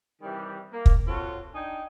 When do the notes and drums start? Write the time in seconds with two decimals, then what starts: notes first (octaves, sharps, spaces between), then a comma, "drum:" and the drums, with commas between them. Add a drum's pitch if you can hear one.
0.21 C3 D#3 E3 G3
0.72 A#3
0.86 drum: kick
1.06 C4 F4 F#4 A4 C#5
1.54 D4 D#4 G5 G#5